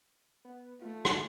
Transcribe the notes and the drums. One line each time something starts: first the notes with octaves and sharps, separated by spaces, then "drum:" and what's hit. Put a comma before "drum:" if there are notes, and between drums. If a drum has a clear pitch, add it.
B3
A3 F4
drum: rim click